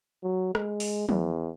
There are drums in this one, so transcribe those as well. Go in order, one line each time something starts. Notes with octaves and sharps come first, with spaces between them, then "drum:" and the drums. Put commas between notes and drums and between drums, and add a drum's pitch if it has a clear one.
F#3
G#3, drum: rim click
drum: open hi-hat
E2, drum: tom F3